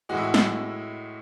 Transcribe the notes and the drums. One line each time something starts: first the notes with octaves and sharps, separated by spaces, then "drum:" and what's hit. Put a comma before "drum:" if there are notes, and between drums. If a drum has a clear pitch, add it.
A2 E3 G#3 F#4
E4
F#4
drum: snare